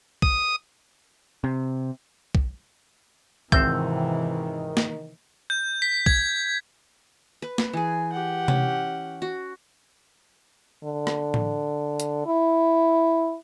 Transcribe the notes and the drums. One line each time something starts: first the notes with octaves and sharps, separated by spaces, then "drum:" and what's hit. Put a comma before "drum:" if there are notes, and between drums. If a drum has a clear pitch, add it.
D#6, drum: kick
C3
drum: kick
G#1 C3 D#3 E3 C4 E5 G6, drum: kick
drum: snare
G6
B6
G#6, drum: kick
B4
drum: snare
E3 G#4 G#5
G4 F#5
C#4, drum: tom C3
F#4
D3
drum: rim click
drum: tom A2
drum: hi-hat
E4